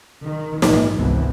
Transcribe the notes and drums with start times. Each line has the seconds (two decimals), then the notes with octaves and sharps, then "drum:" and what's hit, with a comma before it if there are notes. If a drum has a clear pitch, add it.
0.22 D#3
0.62 A#1 G#2, drum: snare
0.95 G#1 C#2 C3 E3 B3 C4